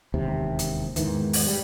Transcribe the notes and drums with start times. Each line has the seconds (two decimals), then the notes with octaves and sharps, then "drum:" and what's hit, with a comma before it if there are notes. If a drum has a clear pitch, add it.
0.14 E1 D#2 C3
0.59 drum: hi-hat
0.96 E2 G#2 D#3 E3, drum: hi-hat
1.33 drum: open hi-hat
1.47 G3